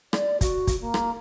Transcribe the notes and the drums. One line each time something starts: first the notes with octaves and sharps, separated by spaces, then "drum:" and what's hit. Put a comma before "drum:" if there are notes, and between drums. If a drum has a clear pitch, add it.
D5, drum: rim click
F#4, drum: kick, hi-hat
drum: kick, hi-hat
A#3
drum: rim click